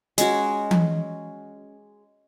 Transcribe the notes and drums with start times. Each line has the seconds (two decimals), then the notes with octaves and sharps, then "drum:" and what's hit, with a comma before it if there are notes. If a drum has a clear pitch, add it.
0.18 G#3 C#4 F#4, drum: hi-hat
0.71 drum: tom E3